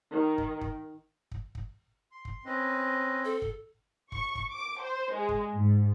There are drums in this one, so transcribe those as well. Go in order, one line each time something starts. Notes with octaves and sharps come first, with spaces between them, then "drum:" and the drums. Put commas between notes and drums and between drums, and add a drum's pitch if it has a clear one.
D#3
drum: kick
drum: kick
drum: kick
drum: kick
C6
drum: kick
C4 C#4 B4 D#5
A4
drum: kick
C#6, drum: kick
drum: kick
D6
C5
G#3
drum: kick
G#2